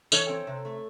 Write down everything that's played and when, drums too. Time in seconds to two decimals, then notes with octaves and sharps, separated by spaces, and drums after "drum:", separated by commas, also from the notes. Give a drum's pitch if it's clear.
0.12 E3 A4 C#5, drum: tambourine
0.29 C4
0.47 C3
0.65 A3